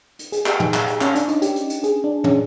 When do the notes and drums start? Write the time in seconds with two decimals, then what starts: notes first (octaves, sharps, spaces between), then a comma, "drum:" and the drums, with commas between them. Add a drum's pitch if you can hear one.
0.19 drum: hi-hat
0.32 G#4, drum: hi-hat
0.46 G4, drum: clap
0.60 D#4, drum: tom
0.74 drum: clap
0.88 drum: hi-hat
1.01 C#4, drum: clap
1.15 D4, drum: hi-hat
1.28 D#4, drum: hi-hat
1.42 G4, drum: hi-hat
1.56 drum: hi-hat
1.70 drum: hi-hat
1.84 G#4, drum: hi-hat
2.04 D4
2.24 C#4, drum: tom